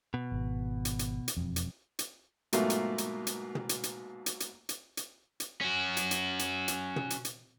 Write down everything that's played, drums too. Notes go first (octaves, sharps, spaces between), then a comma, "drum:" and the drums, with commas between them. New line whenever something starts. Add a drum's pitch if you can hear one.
B2
G#1
drum: hi-hat
drum: hi-hat
drum: hi-hat
E1 F2
drum: hi-hat
drum: hi-hat
G#2 B2 F#3 A3 A#3 F4, drum: hi-hat
drum: hi-hat
drum: hi-hat
drum: hi-hat
drum: tom
drum: hi-hat
drum: hi-hat
drum: hi-hat
drum: hi-hat
drum: hi-hat
drum: hi-hat
drum: hi-hat
C#4 F#4
drum: hi-hat
drum: hi-hat
drum: hi-hat
drum: hi-hat
drum: tom
drum: hi-hat
drum: hi-hat